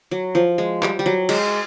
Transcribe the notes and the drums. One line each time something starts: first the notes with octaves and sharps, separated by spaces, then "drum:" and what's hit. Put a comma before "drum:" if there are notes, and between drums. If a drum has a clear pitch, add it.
F#3
F3
G#3
G3, drum: clap
G3
F#3
G#3, drum: cymbal